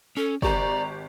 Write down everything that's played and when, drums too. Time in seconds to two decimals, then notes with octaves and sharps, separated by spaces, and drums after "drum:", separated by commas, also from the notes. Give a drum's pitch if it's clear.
0.17 C#4 A4
0.42 G#1 G4 D5 A#5 C#6, drum: kick